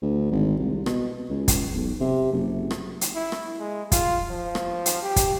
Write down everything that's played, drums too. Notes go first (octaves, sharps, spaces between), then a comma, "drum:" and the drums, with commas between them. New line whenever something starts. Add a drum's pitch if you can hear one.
D2
G#1
C2
B2, drum: rim click
C#2
drum: kick, hi-hat
B1
C3
F#1
drum: rim click
drum: hi-hat
E4
drum: rim click
G#3
F4, drum: kick, hi-hat
F3
drum: rim click
drum: hi-hat
G4
drum: kick, hi-hat